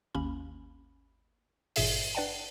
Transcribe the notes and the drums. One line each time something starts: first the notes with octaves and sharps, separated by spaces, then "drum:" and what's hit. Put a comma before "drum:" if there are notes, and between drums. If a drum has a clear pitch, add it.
G#1 D#2 A#3 C#4 B5
G#1 G2 A#2 G#4 E5 E7, drum: open hi-hat
D4 B4 D5 F#5 G5 A5